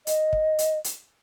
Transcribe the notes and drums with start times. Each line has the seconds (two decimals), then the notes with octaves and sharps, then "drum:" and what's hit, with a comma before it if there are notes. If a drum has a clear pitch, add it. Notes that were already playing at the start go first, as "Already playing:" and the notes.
0.07 D#5, drum: hi-hat
0.33 drum: kick
0.59 drum: hi-hat
0.84 drum: hi-hat